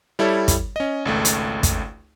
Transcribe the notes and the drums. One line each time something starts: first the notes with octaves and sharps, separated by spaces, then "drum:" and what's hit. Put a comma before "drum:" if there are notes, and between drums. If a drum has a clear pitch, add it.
G3 E4 A4 C#5
drum: kick, hi-hat
C#4 D#5
G#1 C#2 A3
drum: hi-hat
drum: kick, hi-hat